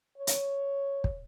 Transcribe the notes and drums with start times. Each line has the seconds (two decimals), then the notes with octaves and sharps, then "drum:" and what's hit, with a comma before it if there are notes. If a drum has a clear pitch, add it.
0.18 C#5
0.27 drum: hi-hat
1.04 drum: kick